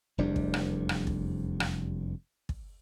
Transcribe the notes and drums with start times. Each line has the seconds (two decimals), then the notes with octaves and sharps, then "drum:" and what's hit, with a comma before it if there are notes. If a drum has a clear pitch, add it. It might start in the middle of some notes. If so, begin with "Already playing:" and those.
0.18 F1 E2 G3 D4
0.36 drum: kick
0.54 drum: rim click
0.89 drum: rim click
1.07 drum: kick
1.60 drum: rim click
2.49 drum: kick